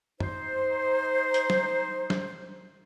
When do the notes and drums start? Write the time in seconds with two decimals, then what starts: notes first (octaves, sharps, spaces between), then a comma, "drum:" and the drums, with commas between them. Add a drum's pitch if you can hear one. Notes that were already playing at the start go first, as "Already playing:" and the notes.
0.20 D#4 C5, drum: tom
1.34 drum: hi-hat
1.50 drum: snare
2.10 drum: snare